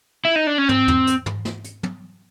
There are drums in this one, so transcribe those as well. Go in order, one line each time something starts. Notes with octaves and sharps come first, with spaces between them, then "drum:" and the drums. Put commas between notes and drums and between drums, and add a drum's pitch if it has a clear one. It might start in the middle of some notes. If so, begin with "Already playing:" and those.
E4
D#4
D4
C#4
C4, drum: tom
drum: tom
drum: hi-hat
drum: tom
drum: snare
drum: hi-hat
drum: tom